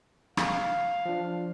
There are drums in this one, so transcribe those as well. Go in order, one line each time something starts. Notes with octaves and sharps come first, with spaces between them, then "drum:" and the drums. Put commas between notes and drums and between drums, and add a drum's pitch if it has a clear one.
F5, drum: rim click
F3 D4